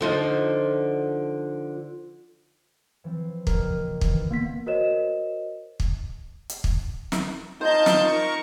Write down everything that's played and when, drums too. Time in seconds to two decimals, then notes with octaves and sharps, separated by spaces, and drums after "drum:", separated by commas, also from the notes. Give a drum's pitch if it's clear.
0.01 D3 F3 D#4
3.04 E3 F3 C4
3.47 D#2 A#2 C#3 A#4, drum: kick
4.01 D#3 E3, drum: kick
4.31 A#3 B3 B6
4.66 F#4 A#4 C5 C#5 D#5 E7
5.80 drum: kick
6.49 drum: hi-hat
6.64 drum: kick
7.12 drum: snare
7.61 D#4 F4 C5 D#5 A5 G6
7.86 drum: snare
8.03 A#4 C#6